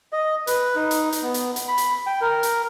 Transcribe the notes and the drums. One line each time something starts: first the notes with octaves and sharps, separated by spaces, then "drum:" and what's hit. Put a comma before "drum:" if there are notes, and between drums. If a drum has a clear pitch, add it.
D#5
B4, drum: hi-hat
D#4
drum: hi-hat
drum: hi-hat
B3
drum: hi-hat
drum: hi-hat
B5
drum: hi-hat
G5
A#4
drum: hi-hat